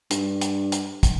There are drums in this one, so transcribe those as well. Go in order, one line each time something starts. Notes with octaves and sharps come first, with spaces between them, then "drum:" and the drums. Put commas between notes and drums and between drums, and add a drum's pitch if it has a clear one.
G2, drum: hi-hat
drum: hi-hat
drum: hi-hat
drum: kick, hi-hat